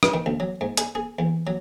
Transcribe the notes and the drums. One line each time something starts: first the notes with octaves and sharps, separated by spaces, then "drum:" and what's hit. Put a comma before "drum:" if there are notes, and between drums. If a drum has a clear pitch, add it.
drum: rim click
D#3
D2
F#3
G#2
G#4, drum: hi-hat
G#4
E2
F#3